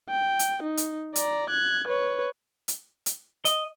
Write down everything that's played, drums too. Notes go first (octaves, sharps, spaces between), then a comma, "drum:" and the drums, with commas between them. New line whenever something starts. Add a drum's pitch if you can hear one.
G5
drum: hi-hat
D#4
drum: hi-hat
D5 A#5, drum: hi-hat
F#6 G#6
B4 C#5
drum: hi-hat
drum: hi-hat
D#5, drum: hi-hat